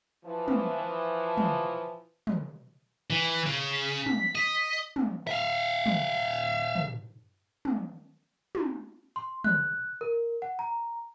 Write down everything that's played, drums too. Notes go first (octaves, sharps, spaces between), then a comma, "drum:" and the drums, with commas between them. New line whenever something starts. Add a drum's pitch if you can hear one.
E3 F3
drum: tom
drum: tom
drum: tom
E3
C#3
B6
drum: tom
D#5
drum: tom
E5 F5
drum: tom
drum: tom
drum: tom
drum: tom
C6
F#6, drum: tom
A#4
F#5
A#5